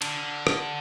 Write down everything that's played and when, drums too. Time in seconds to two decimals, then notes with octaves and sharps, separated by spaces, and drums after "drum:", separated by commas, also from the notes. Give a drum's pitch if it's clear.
0.02 D3, drum: cymbal
0.47 drum: rim click